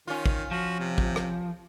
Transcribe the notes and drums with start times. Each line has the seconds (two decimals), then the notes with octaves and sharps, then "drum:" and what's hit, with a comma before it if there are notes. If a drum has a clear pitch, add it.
0.07 D#3 C#4 F4
0.26 drum: kick
0.51 F3 F#4
0.79 C3
0.98 drum: kick
1.16 drum: rim click